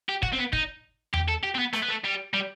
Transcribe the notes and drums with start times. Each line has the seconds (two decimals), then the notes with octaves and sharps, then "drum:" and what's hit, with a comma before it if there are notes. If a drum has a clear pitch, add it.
0.09 G4
0.23 F#4, drum: kick
0.33 C4
0.38 B3
0.53 D#4, drum: kick
1.13 G4, drum: tom E2
1.28 A4
1.43 G4
1.55 C4
1.59 B3
1.73 A3, drum: rim click
1.82 B3
1.89 A3
2.04 G3
2.34 G3